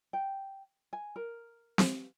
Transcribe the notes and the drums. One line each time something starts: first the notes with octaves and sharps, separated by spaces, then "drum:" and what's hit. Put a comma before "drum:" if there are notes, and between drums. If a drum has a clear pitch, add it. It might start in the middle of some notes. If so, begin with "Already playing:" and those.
G5
G#5
A#4
drum: snare C4